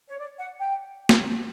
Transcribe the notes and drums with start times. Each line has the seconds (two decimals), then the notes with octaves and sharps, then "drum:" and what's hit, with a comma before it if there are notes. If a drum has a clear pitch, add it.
0.07 C#5
0.17 D5
0.39 F#5
0.60 G5
1.09 drum: snare